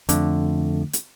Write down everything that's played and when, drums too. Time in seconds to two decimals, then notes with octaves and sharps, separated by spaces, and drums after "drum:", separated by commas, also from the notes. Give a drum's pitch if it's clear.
0.09 F2 D3 A3, drum: hi-hat
0.93 drum: hi-hat